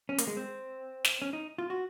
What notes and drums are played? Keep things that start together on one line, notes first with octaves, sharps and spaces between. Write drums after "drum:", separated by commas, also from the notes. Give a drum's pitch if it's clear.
C#4
A#3, drum: hi-hat
G#3
C4
drum: snare
C#4
D#4
F4
F#4